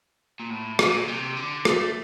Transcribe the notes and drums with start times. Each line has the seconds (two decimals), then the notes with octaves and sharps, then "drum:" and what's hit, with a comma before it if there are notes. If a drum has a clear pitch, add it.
0.40 A#2
0.50 A2
0.79 A#2, drum: rim click
1.08 C3
1.36 D3
1.65 A3, drum: rim click